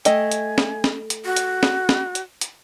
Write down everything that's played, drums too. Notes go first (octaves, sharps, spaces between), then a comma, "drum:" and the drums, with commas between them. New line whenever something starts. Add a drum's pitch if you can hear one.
A3 D#5 G5 G#5, drum: hi-hat
drum: hi-hat
drum: snare
drum: snare
drum: hi-hat
F#4
drum: hi-hat
drum: snare
drum: snare
drum: hi-hat
drum: hi-hat